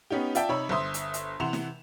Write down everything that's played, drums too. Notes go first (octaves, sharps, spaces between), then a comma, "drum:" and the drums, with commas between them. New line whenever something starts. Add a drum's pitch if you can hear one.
B3 C#4 D#4 G4
F4 D5 E5 G5 A5, drum: hi-hat
C3 D#4 C#5 B5 E6
G1 C5 E5 C6 D#6
drum: hi-hat
drum: hi-hat
C3 E3 F#5 C6 E7 F7
drum: snare